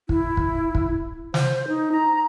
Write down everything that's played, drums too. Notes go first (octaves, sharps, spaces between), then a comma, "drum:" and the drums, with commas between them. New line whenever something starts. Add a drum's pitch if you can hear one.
E4, drum: kick
drum: kick
drum: kick
C5, drum: snare
D#4
A#5